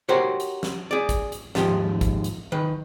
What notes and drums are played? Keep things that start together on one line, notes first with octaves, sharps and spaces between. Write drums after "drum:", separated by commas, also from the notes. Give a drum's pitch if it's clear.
F#4 G4 A#4 C5 C#5
drum: hi-hat
drum: snare
G#4 D5
drum: kick, hi-hat
drum: hi-hat
D#2 G#2 F3 G4, drum: snare
drum: kick, hi-hat
drum: hi-hat
D#3 B4